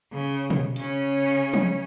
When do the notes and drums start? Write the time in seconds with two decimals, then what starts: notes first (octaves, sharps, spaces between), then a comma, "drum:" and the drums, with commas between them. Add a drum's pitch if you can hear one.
0.13 C#3
0.50 drum: tom B2
0.76 C#3 C#4, drum: hi-hat
1.54 drum: tom F3